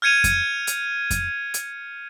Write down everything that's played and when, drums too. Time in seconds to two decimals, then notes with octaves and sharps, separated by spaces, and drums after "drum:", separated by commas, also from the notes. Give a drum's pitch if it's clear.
0.02 F6 G6 G#6 C#7 D#7 F7
0.24 drum: kick F2, hi-hat
0.67 drum: hi-hat
1.10 drum: kick F2, hi-hat
1.54 drum: hi-hat